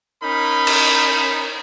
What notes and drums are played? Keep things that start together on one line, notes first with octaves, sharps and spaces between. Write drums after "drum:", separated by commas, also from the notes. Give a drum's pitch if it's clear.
C#4 D#4 A#4 B5
drum: cymbal